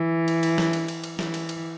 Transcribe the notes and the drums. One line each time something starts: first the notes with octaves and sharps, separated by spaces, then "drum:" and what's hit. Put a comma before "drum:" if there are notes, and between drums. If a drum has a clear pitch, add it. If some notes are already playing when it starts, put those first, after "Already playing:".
Already playing: E3
drum: cymbal
drum: cymbal
drum: snare
drum: cymbal
drum: cymbal
drum: cymbal
E3, drum: snare
drum: cymbal
drum: cymbal